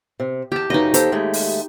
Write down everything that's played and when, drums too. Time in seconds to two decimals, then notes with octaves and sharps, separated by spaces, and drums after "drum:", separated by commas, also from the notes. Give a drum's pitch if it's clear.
0.20 C3
0.52 E2 G4 A5
0.70 F#2 C#3 E3 D#4 D#5
0.94 D#2 G4 A4 C5, drum: hi-hat
1.12 D#2 G#3 A3
1.33 drum: open hi-hat